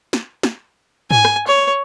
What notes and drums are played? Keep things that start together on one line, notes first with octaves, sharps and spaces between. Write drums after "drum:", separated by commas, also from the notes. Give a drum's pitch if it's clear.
drum: snare
drum: snare
G#5, drum: tom G#2
drum: rim click
C#5